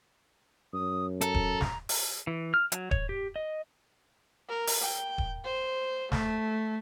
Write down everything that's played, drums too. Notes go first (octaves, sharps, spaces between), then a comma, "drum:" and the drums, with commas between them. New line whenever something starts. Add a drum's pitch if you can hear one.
F#2 D#6
A4 A#5, drum: hi-hat
drum: kick D#1
drum: snare
drum: open hi-hat
E3
F6
F#3, drum: hi-hat
C#5, drum: kick D#1
G4
D#5
A#4
drum: open hi-hat
G5
drum: kick D#1
C5
A3, drum: snare